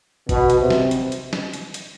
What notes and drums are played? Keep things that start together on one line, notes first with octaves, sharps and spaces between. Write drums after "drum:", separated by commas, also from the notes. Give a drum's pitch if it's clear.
B2, drum: kick G#1, hi-hat
drum: hi-hat
C3
drum: snare
drum: hi-hat
drum: hi-hat
drum: snare
drum: hi-hat
drum: hi-hat